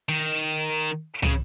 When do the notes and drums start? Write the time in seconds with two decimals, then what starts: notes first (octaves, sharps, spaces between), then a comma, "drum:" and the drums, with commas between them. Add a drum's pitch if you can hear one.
0.09 D#3
1.23 C#3, drum: tom